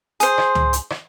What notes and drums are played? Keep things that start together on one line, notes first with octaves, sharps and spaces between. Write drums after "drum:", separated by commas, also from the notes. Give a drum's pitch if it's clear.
G#4 C5, drum: hi-hat
drum: rim click
drum: tom
drum: hi-hat
drum: rim click